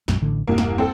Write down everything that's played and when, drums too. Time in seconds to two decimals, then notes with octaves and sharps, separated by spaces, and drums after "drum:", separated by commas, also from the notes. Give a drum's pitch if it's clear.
0.08 B1 F#2, drum: snare
0.21 A1 A2 D3
0.47 E1 C2 G2 A#3
0.58 drum: snare
0.78 C4 A4